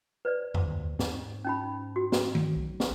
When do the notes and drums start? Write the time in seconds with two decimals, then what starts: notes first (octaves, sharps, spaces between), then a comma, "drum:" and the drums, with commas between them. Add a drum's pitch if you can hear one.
0.25 B4 C5 D5
0.54 drum: tom F2
0.67 D#2
0.99 G#2, drum: snare
1.45 C#4 D#4 B5
1.96 F#4
2.12 drum: snare
2.35 drum: tom D#3
2.56 B1
2.80 drum: snare